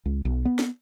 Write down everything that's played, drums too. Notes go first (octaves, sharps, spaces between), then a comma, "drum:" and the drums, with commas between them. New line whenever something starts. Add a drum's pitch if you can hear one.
C#2
B1
B3
drum: snare